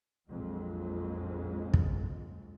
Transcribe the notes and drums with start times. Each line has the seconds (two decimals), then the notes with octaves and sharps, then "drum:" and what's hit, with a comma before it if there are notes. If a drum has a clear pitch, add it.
0.29 A#1 F2 F#3 G#3
1.74 drum: kick